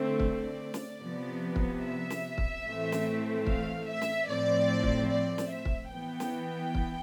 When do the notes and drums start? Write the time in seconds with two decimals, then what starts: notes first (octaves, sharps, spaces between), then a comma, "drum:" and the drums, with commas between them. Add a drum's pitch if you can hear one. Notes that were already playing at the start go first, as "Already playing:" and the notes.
Already playing: D3 A3 C4
0.20 D5, drum: kick
0.74 drum: snare
1.01 C3 F3 B3
1.56 drum: kick
1.83 E5
2.10 drum: snare
2.38 drum: kick
2.65 A2 E3 A3 C4
2.92 drum: snare
3.47 F5, drum: kick
3.88 E5
4.02 drum: snare
4.28 A2 F3 C4 D5
4.83 drum: kick
5.10 D5
5.38 drum: snare
5.51 E5
5.65 drum: kick
5.92 E3 B3 G5
6.20 drum: snare
6.75 drum: kick